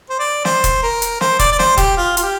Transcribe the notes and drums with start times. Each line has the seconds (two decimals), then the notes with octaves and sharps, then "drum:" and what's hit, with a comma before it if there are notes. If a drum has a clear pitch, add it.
0.10 C5
0.19 D5
0.45 C5, drum: snare
0.64 drum: kick E1, hi-hat
0.83 A#4
1.02 drum: hi-hat
1.21 C5, drum: snare
1.39 D5, drum: kick E1, hi-hat
1.52 D5
1.59 C5, drum: snare
1.77 G4, drum: kick E1, hi-hat
1.97 F4
2.17 F4, drum: hi-hat
2.23 G4